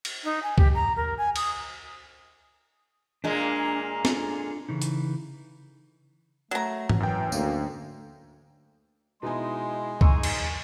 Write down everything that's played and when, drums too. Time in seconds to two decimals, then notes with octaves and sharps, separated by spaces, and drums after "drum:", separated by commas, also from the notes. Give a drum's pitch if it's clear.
0.05 drum: cymbal
0.24 D#4
0.43 G#5
0.58 G4, drum: kick C#2
0.75 A#5
0.96 A#4
1.18 G#5
1.36 D#6, drum: cymbal
3.24 A#2 G#3 A#3 D4
4.05 D4 F4 A4, drum: snare
4.69 C#3 E3 D#4
4.82 drum: hi-hat
6.51 F#3 A3 A#5
6.90 drum: tom G#2
7.00 F#2 E3 G5
7.32 D2 A#3, drum: tambourine
9.23 B2 G#3 D#4 E4 G#5 C6
10.01 D#4 G#4 G#5 C6 C#6 E6, drum: kick C#2
10.23 drum: cymbal